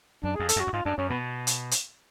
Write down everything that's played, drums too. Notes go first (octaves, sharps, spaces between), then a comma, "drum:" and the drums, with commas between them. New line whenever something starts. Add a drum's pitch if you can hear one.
F#2 D4
G#4
F2
A4, drum: hi-hat
F#2
F#4
F#2
G#2 F4
F#2 D4
F#2 C#4
B2 B3
drum: hi-hat
drum: hi-hat